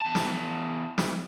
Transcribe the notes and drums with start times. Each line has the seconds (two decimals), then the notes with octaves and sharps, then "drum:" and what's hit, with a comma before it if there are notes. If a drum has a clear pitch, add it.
0.01 E2 A5
0.15 drum: snare
0.98 drum: snare